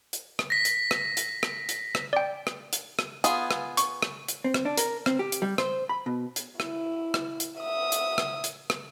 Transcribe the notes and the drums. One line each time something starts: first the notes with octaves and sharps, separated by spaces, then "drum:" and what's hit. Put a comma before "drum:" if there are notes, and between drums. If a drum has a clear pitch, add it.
drum: hi-hat
drum: rim click
A#6 B6
drum: hi-hat
drum: rim click
drum: hi-hat
drum: rim click
drum: hi-hat
drum: rim click
D5 G5
drum: rim click
drum: hi-hat
drum: rim click
B3 F4 G#4, drum: hi-hat
drum: rim click
C#6, drum: hi-hat
drum: rim click
drum: hi-hat
C4
drum: rim click
D4
A#4, drum: hi-hat
C4, drum: rim click
G4
drum: hi-hat
G3
C5, drum: rim click
B5
B2
drum: hi-hat
E4, drum: rim click
drum: rim click
drum: hi-hat
E5 D#6
drum: hi-hat
drum: rim click
drum: hi-hat
drum: rim click